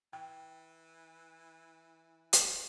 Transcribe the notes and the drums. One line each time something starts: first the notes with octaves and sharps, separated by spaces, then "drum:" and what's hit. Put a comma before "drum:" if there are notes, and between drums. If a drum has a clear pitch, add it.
E3 G5
drum: hi-hat